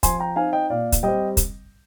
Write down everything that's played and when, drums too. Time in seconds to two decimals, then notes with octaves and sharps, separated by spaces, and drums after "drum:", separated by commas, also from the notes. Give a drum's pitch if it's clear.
0.03 F3 G#5 C6, drum: kick, hi-hat
0.20 G5 A#5
0.36 C4 D#4 F5 G#5
0.53 D#5 G5
0.70 A#2 D5 F5
0.92 drum: kick, hi-hat
1.03 G3 C4 D#5 G5
1.37 drum: kick, hi-hat